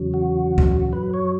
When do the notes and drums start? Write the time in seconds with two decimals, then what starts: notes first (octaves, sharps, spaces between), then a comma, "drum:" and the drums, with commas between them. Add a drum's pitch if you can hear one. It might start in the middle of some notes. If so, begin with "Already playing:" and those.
Already playing: E2 C#3 F#3
0.14 F#4
0.58 drum: kick C#2
0.93 F#2 F#3 B4
1.14 C#5